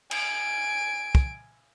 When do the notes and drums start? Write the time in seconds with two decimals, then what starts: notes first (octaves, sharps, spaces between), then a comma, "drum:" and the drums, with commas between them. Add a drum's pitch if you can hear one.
0.11 G#5 D7, drum: cymbal
1.15 drum: kick